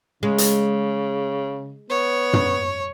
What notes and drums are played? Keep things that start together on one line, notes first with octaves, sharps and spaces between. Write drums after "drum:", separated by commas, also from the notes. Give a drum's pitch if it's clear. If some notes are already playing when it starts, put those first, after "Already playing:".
C#3 G#3
drum: hi-hat
B3 C#5
drum: tom